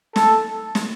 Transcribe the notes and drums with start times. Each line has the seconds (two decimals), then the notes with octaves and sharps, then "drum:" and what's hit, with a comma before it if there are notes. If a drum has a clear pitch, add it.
0.16 A4, drum: snare
0.75 drum: snare